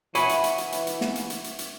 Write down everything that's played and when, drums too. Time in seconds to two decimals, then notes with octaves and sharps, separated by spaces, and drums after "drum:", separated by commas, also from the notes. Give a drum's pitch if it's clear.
0.15 E3 F#4 C#5 E5 G#5 B5, drum: hi-hat
0.29 drum: hi-hat
0.44 drum: hi-hat
0.58 drum: hi-hat
0.72 drum: hi-hat
0.87 drum: hi-hat
1.01 drum: snare
1.15 drum: hi-hat
1.30 drum: hi-hat
1.44 drum: hi-hat
1.59 drum: hi-hat